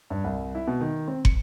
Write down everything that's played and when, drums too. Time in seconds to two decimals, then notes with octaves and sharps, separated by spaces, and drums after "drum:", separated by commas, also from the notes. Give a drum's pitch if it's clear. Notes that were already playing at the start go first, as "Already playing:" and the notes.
0.10 G2
0.24 C2
0.55 E4
0.67 B2
0.81 D#3
1.08 C4
1.25 C#7, drum: kick